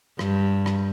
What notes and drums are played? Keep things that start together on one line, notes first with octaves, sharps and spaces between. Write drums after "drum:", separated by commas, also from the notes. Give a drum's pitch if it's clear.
G2, drum: rim click
drum: rim click